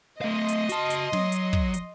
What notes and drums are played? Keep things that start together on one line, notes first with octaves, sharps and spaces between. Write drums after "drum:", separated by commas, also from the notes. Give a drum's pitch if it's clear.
A3 D#5 F5 C6
drum: hi-hat
F#4 A5, drum: hi-hat
drum: hi-hat
F#3, drum: snare
drum: hi-hat
drum: kick
drum: hi-hat